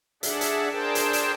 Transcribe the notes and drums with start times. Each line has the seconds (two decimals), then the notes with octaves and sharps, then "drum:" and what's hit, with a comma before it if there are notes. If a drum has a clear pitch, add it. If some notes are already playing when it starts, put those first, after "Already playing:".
0.23 D4 G#4 D5 E5 F#5, drum: hi-hat
0.41 drum: hi-hat
0.72 D4 G#4 A#4 C5 G5 A5
0.95 drum: hi-hat
1.13 drum: hi-hat